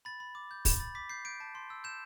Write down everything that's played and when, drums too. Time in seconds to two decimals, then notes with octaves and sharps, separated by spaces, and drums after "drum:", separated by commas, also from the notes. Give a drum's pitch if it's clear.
0.05 B5 A6
0.20 B5
0.35 D6
0.51 G6
0.65 B5, drum: kick, open hi-hat
0.80 B5 A6
0.95 D6 B6
1.10 G6 C7
1.25 G6 D7
1.40 A5
1.55 C6
1.70 E6
1.84 G6 E7